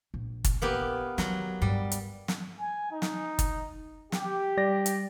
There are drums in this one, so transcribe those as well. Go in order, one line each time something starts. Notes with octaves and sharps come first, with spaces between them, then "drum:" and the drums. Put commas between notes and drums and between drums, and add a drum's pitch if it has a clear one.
A#1
drum: kick, hi-hat
A#3 B3 G4
D#3 F#3, drum: snare
G2 G3
drum: hi-hat
drum: snare
G#5
D#4
drum: snare
drum: kick, hi-hat
G4, drum: snare
G3 D5 A#6
drum: hi-hat